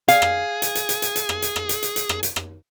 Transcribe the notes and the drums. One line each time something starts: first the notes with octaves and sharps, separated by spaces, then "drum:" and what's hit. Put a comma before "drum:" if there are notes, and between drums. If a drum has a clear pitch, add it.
G#4 F5, drum: hi-hat
drum: rim click
drum: hi-hat
drum: hi-hat
drum: hi-hat
drum: hi-hat
drum: hi-hat
drum: rim click
drum: hi-hat
drum: rim click
drum: hi-hat
drum: hi-hat
drum: hi-hat
drum: rim click
drum: hi-hat
drum: rim click